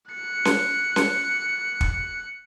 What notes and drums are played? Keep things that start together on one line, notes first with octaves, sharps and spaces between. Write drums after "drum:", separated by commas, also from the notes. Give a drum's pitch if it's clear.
F#6 C#7
drum: snare C#4
drum: snare C#4
drum: kick